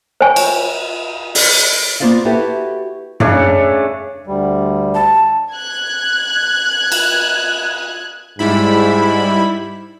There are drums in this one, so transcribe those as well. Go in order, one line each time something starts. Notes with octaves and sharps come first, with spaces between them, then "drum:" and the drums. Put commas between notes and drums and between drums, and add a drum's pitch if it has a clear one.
C5 C#5 G5 G#5 C#6
drum: cymbal
drum: open hi-hat
A#3 B3 F4 C5 D5 F5
E4 F#4 G4 A4 B4 F#5
C#3 A3 D4, drum: tom F#2
D2 G3
A5
F#6 G#6
drum: cymbal
G#2 G3 E4 B5